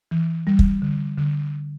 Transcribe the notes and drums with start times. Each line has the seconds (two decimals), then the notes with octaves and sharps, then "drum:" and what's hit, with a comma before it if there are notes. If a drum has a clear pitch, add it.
0.11 E3
0.47 G3
0.59 drum: kick
0.82 D3
1.18 D3